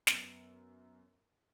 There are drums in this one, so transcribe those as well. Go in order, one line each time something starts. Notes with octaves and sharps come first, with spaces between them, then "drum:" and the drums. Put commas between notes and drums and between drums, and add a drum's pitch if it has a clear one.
F#2 B3, drum: snare